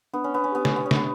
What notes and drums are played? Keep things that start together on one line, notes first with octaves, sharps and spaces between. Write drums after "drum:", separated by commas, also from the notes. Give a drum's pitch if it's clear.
B3 D4
C#4
B3
C#4
B3 G4
C#4, drum: snare
B3
C#4
D4, drum: snare
B3